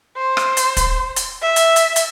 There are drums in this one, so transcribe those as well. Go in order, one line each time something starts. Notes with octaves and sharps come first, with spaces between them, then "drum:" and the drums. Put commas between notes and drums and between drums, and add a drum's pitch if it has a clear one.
C5
drum: rim click
drum: hi-hat
drum: kick, hi-hat
drum: hi-hat
E5
drum: hi-hat
drum: hi-hat
drum: hi-hat